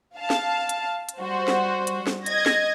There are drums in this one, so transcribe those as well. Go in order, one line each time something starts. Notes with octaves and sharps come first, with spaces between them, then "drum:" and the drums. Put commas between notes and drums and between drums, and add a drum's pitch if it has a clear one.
F5 A5
drum: snare
drum: hi-hat
drum: hi-hat
G3 F#4 C5
drum: snare
drum: hi-hat
drum: snare
D#5 G#6 A#6, drum: hi-hat
drum: snare